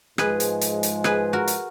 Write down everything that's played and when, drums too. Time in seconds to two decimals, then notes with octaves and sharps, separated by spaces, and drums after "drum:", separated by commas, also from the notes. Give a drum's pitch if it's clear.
0.18 G#2 F3 G#3 G#4 B4, drum: rim click
0.40 drum: hi-hat
0.61 drum: hi-hat
0.83 drum: hi-hat
1.04 G#4 B4, drum: rim click
1.33 F#4 A#4
1.48 drum: hi-hat